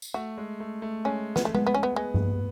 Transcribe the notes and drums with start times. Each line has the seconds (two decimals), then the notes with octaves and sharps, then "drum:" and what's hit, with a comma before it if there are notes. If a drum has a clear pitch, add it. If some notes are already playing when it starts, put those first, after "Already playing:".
0.02 drum: tambourine
0.14 A3 F#4
0.38 G#3
0.60 A3
0.82 A3
1.05 G#3 C#4
1.36 B3, drum: snare
1.45 A3
1.55 B3, drum: tom G#3
1.67 B3
1.74 C#4
1.83 B3
1.96 G#3 B3
2.14 drum: tom G2